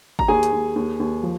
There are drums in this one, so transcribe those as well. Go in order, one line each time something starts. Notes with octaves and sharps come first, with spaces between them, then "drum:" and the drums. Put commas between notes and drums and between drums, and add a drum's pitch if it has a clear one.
A#5, drum: kick
D#2 G#4 G#5
drum: hi-hat
D#2
D#2
D#2
F3